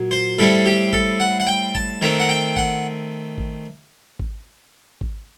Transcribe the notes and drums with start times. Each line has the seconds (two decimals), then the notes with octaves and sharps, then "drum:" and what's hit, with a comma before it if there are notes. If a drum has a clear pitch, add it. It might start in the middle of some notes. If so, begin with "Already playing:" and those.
Already playing: A#2 F#3
0.11 C5
0.39 A2 G3 C4 A4
0.66 G4
0.93 A4, drum: kick G#1
1.20 F#5
1.40 F#5
1.47 G5
1.75 A5, drum: kick G#1
2.01 D#3 A3 C4 A#5
2.20 F#5
2.29 G5
2.56 F#5, drum: kick G#1
3.38 drum: kick G#1
4.19 drum: kick G#1
5.01 drum: kick G#1